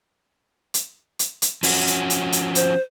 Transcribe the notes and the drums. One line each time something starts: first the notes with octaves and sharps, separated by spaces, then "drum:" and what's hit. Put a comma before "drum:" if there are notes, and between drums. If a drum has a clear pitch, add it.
drum: hi-hat
drum: hi-hat
drum: hi-hat
F3 C#4 F#4, drum: open hi-hat
drum: hi-hat
drum: hi-hat
drum: hi-hat
C5, drum: hi-hat